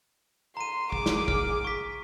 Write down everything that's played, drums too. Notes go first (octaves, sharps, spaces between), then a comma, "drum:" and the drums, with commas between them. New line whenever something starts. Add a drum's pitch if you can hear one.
A#5 C6 D#7
G#4 D6, drum: kick
drum: snare
F6, drum: kick
C#6 B6